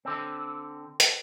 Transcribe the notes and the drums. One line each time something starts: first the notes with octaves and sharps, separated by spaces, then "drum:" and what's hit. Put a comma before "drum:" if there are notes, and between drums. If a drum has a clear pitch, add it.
D3 C4
drum: hi-hat